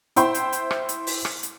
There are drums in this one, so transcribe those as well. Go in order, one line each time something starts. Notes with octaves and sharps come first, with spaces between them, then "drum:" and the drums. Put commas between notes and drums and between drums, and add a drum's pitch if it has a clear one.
E4 C5 G5 C6, drum: hi-hat
drum: hi-hat
drum: hi-hat
drum: rim click
drum: hi-hat
drum: open hi-hat
drum: rim click
drum: hi-hat